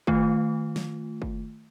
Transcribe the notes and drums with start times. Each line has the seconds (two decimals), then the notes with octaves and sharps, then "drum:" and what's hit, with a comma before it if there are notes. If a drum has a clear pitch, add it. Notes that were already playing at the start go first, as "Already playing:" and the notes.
0.07 D#3 A3 F4, drum: kick
0.76 drum: snare
1.22 drum: kick